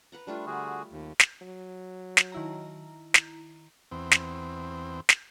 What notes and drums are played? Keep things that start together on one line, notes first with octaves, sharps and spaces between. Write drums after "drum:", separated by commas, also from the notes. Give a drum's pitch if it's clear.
B4 F#5 A#5
G3 A3 D4 F4
D3 F#4 G#4
D#2
drum: snare
F#3
drum: snare
D#3 E4 A#5
drum: snare
E2 C4
drum: snare
drum: snare